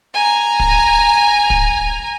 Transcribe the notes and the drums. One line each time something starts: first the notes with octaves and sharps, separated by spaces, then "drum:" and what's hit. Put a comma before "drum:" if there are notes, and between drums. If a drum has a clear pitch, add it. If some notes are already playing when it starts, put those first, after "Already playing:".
G#5 A#5
drum: kick
drum: kick